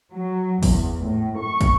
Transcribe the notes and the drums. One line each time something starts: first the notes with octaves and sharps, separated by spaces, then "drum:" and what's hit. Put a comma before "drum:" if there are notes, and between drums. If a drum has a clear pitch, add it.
F#3
E2, drum: kick, open hi-hat
A2
C#6
drum: kick, hi-hat